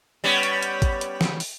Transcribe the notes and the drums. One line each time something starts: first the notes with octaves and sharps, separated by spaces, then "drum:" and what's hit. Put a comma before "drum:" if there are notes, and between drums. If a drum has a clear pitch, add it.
G3 B3 C#4
drum: hi-hat
drum: hi-hat
drum: kick, hi-hat
drum: hi-hat
drum: snare
drum: open hi-hat